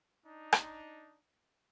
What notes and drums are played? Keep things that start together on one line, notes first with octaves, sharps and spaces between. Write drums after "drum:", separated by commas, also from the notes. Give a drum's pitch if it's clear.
D4 D#4
drum: rim click